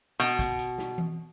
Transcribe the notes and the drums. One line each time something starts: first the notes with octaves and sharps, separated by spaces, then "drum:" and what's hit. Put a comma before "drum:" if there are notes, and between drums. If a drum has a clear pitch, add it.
B2, drum: hi-hat
drum: kick, hi-hat
drum: hi-hat
drum: snare
drum: tom E3